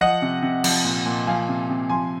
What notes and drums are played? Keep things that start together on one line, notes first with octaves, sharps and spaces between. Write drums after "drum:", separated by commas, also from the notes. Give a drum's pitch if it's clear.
F3 D#5 F#5
C3
C3
F3, drum: cymbal
A#2
A#2
F3 F5 G#5
C3
C3
F3 G#5 C6